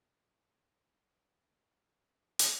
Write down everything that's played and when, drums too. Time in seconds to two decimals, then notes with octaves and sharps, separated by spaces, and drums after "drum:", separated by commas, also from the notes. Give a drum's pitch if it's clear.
0.20 D3 A3 B4
2.39 drum: hi-hat